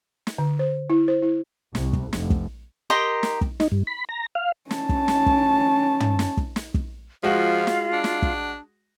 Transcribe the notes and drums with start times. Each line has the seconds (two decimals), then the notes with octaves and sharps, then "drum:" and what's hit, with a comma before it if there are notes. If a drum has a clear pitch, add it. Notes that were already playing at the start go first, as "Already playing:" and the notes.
0.27 drum: snare
0.38 D3
0.59 C5
0.90 E4
1.08 C5
1.22 E4
1.75 C2, drum: snare
1.93 drum: kick
2.13 F1, drum: snare
2.30 drum: kick
2.90 G4 A#4 D#5 C6
3.23 drum: snare
3.41 drum: kick
3.60 D#4, drum: snare
3.72 G2
3.87 B5
4.09 A#5
4.35 F5
4.71 C#4 A5, drum: snare
4.89 drum: kick
5.08 drum: snare
5.26 drum: kick
6.00 drum: tom
6.19 drum: snare
6.37 drum: kick
6.56 drum: snare
6.74 drum: kick
7.23 F3 G#3 F4 F#4 F5
7.67 drum: snare
7.93 D4
8.04 drum: snare
8.22 drum: kick